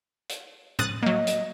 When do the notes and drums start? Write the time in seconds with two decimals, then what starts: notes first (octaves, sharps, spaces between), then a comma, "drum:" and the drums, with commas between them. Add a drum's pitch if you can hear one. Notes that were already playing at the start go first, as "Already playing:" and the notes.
0.29 drum: hi-hat
0.79 D#6 F#6 A6, drum: tom
1.02 F#3 A#3 D#5
1.27 drum: hi-hat